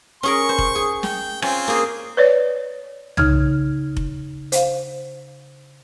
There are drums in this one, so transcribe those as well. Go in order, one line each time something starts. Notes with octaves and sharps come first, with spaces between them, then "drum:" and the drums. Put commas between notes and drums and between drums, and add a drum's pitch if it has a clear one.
C#4 G#4 A#4 C#6
C5
drum: kick F1
G#4
G5, drum: snare
C4 C#4 F4 G#5, drum: rim click
A#3 G#4
B4 C#5 D5
C#3 D#4 F6 G#6, drum: tom C2
drum: kick F1
C5 F5, drum: hi-hat